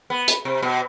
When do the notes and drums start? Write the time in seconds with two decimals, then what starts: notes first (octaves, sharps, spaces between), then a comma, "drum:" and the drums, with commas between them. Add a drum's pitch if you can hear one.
0.10 B3
0.28 drum: hi-hat
0.45 C3
0.62 B2